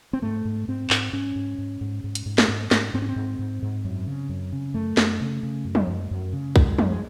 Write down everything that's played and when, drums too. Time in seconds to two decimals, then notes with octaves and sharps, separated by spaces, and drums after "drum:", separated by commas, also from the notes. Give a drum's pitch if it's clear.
0.13 C4
0.22 G#2 A3
0.45 G#2
0.68 G#2 C4
0.90 G#2, drum: clap
1.13 G#2 C#4
1.36 G#2
1.58 G#2
1.81 G#2
2.04 G#2
2.15 drum: hi-hat
2.26 G#2
2.38 drum: snare
2.48 G#2
2.71 G#2, drum: snare
2.94 G#2 C4
3.02 C#4
3.09 C4
3.16 G#2
3.39 G#2
3.62 G#2
3.85 F#2
4.07 C#3
4.29 F#2
4.52 C#3
4.74 F#2 A3
4.97 F#2, drum: snare
5.21 C#3
5.43 C#3
5.65 F#2
5.75 drum: tom
5.88 F#2
6.11 F#2
6.33 C#3
6.56 F#2 G#3, drum: kick B1
6.79 F#2, drum: tom
6.90 G#3